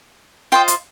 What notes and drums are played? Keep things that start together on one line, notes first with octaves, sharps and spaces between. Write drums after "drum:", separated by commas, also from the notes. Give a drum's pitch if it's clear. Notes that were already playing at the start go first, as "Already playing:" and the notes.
F4 C5 D#5 G5
drum: hi-hat